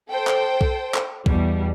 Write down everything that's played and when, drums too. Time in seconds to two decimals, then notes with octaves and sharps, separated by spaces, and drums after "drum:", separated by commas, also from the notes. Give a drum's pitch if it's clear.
0.10 A4 C5 G5
0.27 drum: clap
0.61 drum: kick B1
0.94 drum: clap
1.26 E2 B2 G3, drum: kick B1